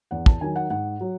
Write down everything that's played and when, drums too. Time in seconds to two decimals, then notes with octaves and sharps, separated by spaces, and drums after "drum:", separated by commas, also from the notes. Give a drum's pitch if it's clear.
0.11 E2 F#5
0.26 A5, drum: kick
0.41 D#3 F#3 G#5
0.56 F#5
0.70 G#2 F#5
1.01 F#3